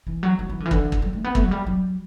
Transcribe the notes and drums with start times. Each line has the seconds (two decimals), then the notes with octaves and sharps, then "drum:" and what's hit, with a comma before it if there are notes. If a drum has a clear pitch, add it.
0.07 E3
0.23 F#3
0.39 F#3
0.49 E3
0.60 D3
0.65 E3
0.71 D3, drum: kick
0.92 drum: kick
1.02 F#3
1.13 A3
1.24 B3
1.35 A3, drum: kick
1.43 F#3
1.51 G3
1.67 F#3